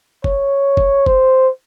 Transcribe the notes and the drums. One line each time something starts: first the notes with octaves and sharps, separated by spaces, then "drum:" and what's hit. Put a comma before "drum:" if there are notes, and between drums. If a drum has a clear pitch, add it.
C#5, drum: kick
drum: kick
C5, drum: kick